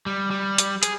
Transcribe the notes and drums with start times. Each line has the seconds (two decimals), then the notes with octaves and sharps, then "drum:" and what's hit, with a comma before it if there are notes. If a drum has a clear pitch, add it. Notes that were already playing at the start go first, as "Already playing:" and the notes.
0.06 G3
0.31 G3
0.58 drum: hi-hat
0.83 G#4, drum: hi-hat